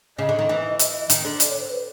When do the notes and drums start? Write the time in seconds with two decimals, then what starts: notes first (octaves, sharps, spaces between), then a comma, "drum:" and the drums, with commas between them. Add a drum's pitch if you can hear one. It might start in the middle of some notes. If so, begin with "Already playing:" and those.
0.18 C#3 D#5
0.29 D3
0.39 D#3
0.49 E3
0.79 drum: hi-hat
1.10 D#3, drum: hi-hat
1.25 D3
1.40 D5, drum: hi-hat
1.50 C#5
1.60 C5
1.71 B4